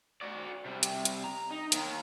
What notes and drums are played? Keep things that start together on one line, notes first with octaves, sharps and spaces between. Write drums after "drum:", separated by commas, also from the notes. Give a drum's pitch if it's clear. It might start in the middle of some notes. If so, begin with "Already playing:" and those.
F#4 D5
C3 G3
drum: hi-hat
drum: hi-hat
A#5
D#4
D#2 D#3, drum: hi-hat